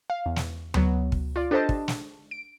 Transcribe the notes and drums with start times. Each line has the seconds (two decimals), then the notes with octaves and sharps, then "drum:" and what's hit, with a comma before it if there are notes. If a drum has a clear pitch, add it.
0.10 F5
0.26 E2
0.36 drum: snare
0.74 F#3 B3, drum: tom D2
1.12 drum: kick
1.36 F4 D5
1.51 D4 G4 A4 C5 D#5 A5
1.69 drum: kick
1.88 drum: snare
2.31 D7